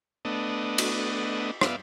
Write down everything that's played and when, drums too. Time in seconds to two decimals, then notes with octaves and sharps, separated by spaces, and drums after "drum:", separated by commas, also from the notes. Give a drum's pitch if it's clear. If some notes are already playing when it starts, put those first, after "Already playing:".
0.25 A3 B3 D4 D#5
0.78 drum: cymbal
1.61 B3 D5 E5 F5, drum: rim click